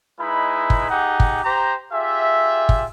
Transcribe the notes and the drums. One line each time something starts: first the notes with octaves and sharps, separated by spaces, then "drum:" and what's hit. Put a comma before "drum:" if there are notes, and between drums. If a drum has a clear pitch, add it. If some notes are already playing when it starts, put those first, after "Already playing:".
G#3 D#4 E4 B4 B5
drum: kick
D#4 G4 G#4 F#5
drum: kick
G4 C5 A#5
F4 G4 G#4 E5
drum: kick